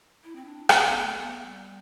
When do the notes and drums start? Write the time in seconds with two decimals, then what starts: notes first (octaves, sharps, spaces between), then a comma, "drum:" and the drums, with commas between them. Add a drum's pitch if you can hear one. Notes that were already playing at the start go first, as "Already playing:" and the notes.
0.24 E4
0.36 C4
0.46 D4
0.69 C4, drum: rim click
0.85 B3
1.00 A3
1.14 B3
1.30 B3
1.46 G3